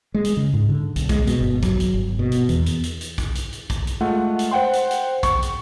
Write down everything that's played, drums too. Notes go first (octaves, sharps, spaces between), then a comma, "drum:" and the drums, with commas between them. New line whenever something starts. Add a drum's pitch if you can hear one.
G#3
drum: hi-hat
C#3
G#2
D3
B1, drum: hi-hat
G#3, drum: kick, hi-hat
B2, drum: hi-hat
G1
F#3, drum: kick, hi-hat
drum: hi-hat
G1
B2
drum: hi-hat
E2, drum: hi-hat
drum: hi-hat
drum: hi-hat
drum: hi-hat
drum: kick, hi-hat
drum: hi-hat
drum: hi-hat
drum: kick, hi-hat
drum: hi-hat
G#3 A3 F4 F#5
drum: hi-hat
C5 F#5 G5 C6
drum: hi-hat
drum: hi-hat
C#6, drum: kick, hi-hat
drum: hi-hat